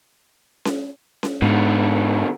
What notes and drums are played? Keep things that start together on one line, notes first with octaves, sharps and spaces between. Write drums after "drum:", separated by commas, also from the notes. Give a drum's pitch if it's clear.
drum: snare C#4
drum: snare C#4
G#2 B2 D3